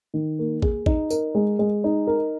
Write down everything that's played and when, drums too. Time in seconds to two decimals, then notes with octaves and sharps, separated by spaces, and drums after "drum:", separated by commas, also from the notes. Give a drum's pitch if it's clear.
0.14 D#3
0.39 A#3
0.62 G#4, drum: kick
0.86 D#4, drum: kick
1.10 A#4, drum: tambourine
1.35 G#3
1.59 G#3
1.84 D#4
2.07 A#4